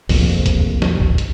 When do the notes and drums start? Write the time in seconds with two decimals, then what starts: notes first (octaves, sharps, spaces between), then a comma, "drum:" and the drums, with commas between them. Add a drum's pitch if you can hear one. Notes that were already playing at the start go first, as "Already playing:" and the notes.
0.09 F1 A#1 F2, drum: kick B1, open hi-hat
0.46 drum: kick B1, hi-hat
0.82 drum: snare
1.00 drum: kick B1
1.18 drum: hi-hat